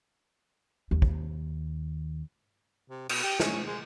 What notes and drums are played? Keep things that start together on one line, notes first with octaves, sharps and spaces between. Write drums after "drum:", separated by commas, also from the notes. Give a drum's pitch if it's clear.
D#2
drum: kick
C3
B2, drum: cymbal
G4
C#4, drum: snare
G#3